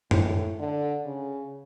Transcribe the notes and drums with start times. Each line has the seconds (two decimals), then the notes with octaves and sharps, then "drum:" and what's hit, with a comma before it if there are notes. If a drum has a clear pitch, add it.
0.11 A2, drum: tom F#2
0.59 D3
1.06 C#3